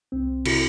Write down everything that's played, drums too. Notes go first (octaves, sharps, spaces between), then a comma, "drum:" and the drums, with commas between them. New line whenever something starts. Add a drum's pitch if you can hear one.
C2 C4
C3 E4 F#4, drum: cymbal